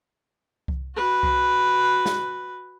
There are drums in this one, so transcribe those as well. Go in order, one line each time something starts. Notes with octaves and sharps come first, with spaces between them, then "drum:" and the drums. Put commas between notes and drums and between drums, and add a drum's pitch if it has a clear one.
drum: kick C2
F#4 B4
drum: kick C2
drum: snare